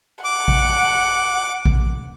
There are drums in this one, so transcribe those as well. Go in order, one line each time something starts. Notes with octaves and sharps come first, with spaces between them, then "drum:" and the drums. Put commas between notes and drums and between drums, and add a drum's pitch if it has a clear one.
F#5 D6
drum: kick A1
drum: kick A1